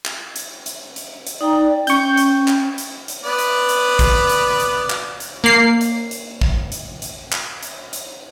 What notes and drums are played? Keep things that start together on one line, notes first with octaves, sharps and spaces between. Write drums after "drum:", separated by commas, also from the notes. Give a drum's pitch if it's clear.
drum: clap
drum: hi-hat
drum: hi-hat
drum: hi-hat
drum: hi-hat
D#4 D5 G5 A#5
G5
C#4 C#6 G6, drum: hi-hat
drum: hi-hat
drum: clap
drum: hi-hat
drum: hi-hat
B3 B4 D5
drum: hi-hat
drum: hi-hat
drum: kick, hi-hat
drum: hi-hat
drum: hi-hat
drum: clap
drum: hi-hat
A#3 C7
drum: hi-hat
drum: hi-hat
drum: kick
drum: hi-hat
drum: hi-hat
drum: clap
drum: hi-hat
drum: hi-hat